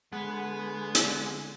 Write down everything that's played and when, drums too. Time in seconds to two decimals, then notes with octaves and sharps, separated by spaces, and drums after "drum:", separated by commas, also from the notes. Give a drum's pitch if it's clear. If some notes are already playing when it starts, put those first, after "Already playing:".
0.13 D3 G#3 B3 B4
0.95 drum: hi-hat